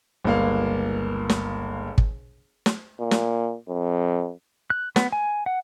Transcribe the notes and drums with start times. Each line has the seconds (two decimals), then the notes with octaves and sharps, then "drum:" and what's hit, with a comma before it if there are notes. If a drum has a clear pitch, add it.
0.24 G1 C#2 A#3 F5
1.29 drum: snare
1.98 drum: kick
2.66 drum: snare
3.00 A#2
3.11 drum: snare
3.69 F2
4.70 F#6
4.96 B3, drum: snare
5.12 G#5
5.46 F#5